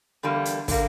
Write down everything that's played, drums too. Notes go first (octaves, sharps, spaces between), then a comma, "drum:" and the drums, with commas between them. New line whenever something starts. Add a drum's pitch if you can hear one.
E2 D3 G3 A#3
drum: hi-hat
D3 G3 A#3, drum: kick, open hi-hat